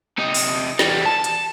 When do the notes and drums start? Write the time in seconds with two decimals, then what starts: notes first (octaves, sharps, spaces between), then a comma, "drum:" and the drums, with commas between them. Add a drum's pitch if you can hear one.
0.18 C3 D#4
0.34 drum: open hi-hat
0.79 E2 G3, drum: snare
1.05 A5
1.24 drum: hi-hat